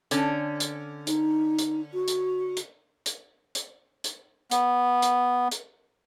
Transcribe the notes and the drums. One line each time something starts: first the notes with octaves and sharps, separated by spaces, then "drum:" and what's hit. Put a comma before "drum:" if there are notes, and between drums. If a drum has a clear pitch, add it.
D3 C#4, drum: hi-hat
drum: hi-hat
D#4, drum: hi-hat
drum: hi-hat
F#4
drum: hi-hat
drum: hi-hat
drum: hi-hat
drum: hi-hat
drum: hi-hat
B3, drum: hi-hat
drum: hi-hat
drum: hi-hat